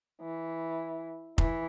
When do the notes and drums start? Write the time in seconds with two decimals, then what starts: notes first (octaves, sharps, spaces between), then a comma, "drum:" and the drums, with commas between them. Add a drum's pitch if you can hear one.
0.21 E3
1.38 E3, drum: kick F1